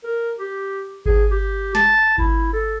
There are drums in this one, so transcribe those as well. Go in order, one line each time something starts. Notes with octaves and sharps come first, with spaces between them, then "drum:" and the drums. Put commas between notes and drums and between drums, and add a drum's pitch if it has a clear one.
A#4
G4
G#4, drum: kick G#1
G4
A5, drum: snare
E4, drum: kick G#1
A4